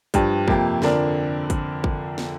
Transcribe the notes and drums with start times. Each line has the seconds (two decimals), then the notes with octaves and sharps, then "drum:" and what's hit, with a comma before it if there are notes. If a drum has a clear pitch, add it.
0.14 G2 F3 D4 G4, drum: kick, hi-hat
0.48 F2 C3 A#3 G4, drum: kick
0.82 F2 D3 F3 D4 A#4, drum: snare
1.50 drum: kick, hi-hat
1.84 drum: kick
2.18 drum: snare